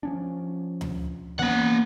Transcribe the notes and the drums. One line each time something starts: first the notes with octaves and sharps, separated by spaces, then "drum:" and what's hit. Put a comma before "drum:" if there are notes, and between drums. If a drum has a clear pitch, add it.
F3 C#4 D4
drum: tom D2
E3 A#3 B3 C#4 F#5